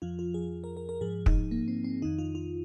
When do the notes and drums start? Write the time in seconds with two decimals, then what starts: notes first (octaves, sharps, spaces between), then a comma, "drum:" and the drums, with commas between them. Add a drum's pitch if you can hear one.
0.02 F2 F3 F4
0.19 F4
0.34 G#4
0.64 A#4
0.77 A#4
0.89 A#4
1.01 G#2 F3 G#4
1.26 D#4, drum: kick
1.51 A#3
1.68 C4
1.84 C4
2.02 F2 D#3 D#4
2.19 F4
2.35 F4